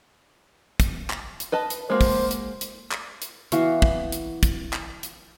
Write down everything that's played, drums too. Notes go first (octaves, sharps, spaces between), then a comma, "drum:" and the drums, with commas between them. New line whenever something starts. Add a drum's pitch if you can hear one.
drum: kick, hi-hat
drum: clap
drum: hi-hat
B4 D#5 A5
drum: hi-hat
G#3 A#3 F#4 C5
drum: kick, open hi-hat
drum: hi-hat
drum: hi-hat
drum: clap
drum: hi-hat
E3 B3 F#4 F5, drum: hi-hat
drum: kick
drum: hi-hat
drum: kick, hi-hat
drum: clap
drum: hi-hat